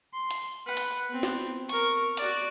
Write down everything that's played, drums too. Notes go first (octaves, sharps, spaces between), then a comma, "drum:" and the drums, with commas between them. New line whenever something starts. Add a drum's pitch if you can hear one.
C6
drum: hi-hat
B4 F#5
drum: hi-hat
B3 C4
drum: snare
A#4 C#6, drum: hi-hat
F#4 D5, drum: hi-hat